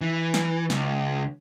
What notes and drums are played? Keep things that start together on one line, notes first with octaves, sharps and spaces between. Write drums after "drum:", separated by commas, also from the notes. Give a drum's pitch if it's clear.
E3
drum: snare
C#2, drum: snare